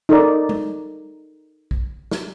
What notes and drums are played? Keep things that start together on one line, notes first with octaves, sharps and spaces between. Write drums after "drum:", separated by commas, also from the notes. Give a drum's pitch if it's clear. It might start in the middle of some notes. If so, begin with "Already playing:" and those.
D#4 A4 A#4 D5
drum: tom G3
drum: kick
drum: snare